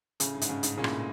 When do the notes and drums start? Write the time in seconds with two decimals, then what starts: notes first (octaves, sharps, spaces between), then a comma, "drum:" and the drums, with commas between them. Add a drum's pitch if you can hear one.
0.20 A2 C#3, drum: hi-hat
0.34 G2
0.41 G#2, drum: hi-hat
0.49 C#3
0.63 G#2, drum: hi-hat
0.77 A#2 C#3
0.84 A2, drum: rim click